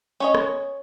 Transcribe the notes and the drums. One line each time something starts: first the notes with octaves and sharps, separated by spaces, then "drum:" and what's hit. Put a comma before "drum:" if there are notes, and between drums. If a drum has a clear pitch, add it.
C#4 C#5 D#5
drum: rim click